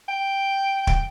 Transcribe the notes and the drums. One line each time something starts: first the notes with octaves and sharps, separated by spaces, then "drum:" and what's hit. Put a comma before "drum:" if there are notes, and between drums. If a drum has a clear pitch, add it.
G5
drum: kick